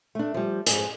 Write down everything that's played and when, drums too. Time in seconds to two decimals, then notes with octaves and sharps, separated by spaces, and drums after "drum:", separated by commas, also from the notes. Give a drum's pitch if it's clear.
0.15 A3 D4
0.34 F3 G3
0.66 F2 G#2 G#4, drum: hi-hat